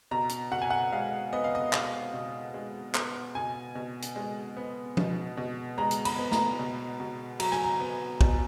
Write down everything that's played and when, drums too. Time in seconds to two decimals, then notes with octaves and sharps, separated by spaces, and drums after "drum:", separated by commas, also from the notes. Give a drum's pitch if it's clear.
0.11 B2 A#5
0.29 drum: hi-hat
0.51 B2 F#5
0.62 G#5
0.70 F#5
0.92 G#3 F5
1.33 B3 D#5
1.44 F5
1.55 D#5
1.73 B2 F5, drum: clap
2.14 B2
2.54 G#3
2.94 B3, drum: clap
3.35 B2 G#5
3.75 B2
4.02 drum: hi-hat
4.16 G#3
4.57 B3
4.97 B2, drum: tom F3
5.37 B2
5.78 G#3 A#5
5.91 drum: hi-hat
6.05 B5, drum: cymbal
6.19 B3
6.32 A#5, drum: snare
6.59 B2
7.00 B2
7.40 F#3 A#5, drum: cymbal
7.52 G#5, drum: rim click
7.64 A#5
7.80 B3
8.21 B2, drum: kick